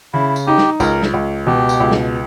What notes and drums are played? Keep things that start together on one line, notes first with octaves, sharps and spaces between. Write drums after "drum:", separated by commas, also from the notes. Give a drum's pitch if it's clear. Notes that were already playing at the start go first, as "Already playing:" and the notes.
C#3 E4
drum: tambourine
D#4 G4
drum: snare
C#2 A#4, drum: kick, tambourine
drum: snare
C#2
B2 G4
drum: tambourine
C#2
drum: snare